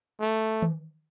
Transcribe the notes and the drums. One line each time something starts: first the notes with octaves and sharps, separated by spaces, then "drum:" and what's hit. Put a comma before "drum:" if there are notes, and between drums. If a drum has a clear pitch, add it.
A3
drum: tom D#3